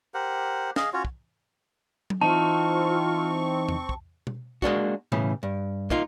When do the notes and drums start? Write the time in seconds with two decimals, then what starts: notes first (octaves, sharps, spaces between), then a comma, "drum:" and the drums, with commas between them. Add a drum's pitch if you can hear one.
0.14 G4 A#4 C5 F#5
0.76 G#4 D#5 F5, drum: snare
0.93 C#4 F4 F#4 C#5
1.05 drum: kick
2.10 drum: tom F#3
2.21 E3 C4 D#4 F4 A5 C#6
3.69 drum: tom E2
3.89 drum: kick
4.27 drum: tom B2
4.62 G#3 A#3 D4 F#4, drum: kick
5.12 A2 C#3 E3, drum: tom B2
5.43 G2
5.90 A#3 D#4 F4, drum: kick